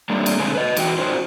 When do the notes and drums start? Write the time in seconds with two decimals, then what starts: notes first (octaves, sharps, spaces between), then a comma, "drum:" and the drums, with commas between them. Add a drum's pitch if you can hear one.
0.10 G3 A3 A#3 D4
0.26 drum: cymbal
0.39 B2 D3 G#3 C4 G#5
0.55 B4 D#5
0.77 E2 E3 F#4 G5, drum: cymbal
0.98 C#4 D#4 F4 F#4 C5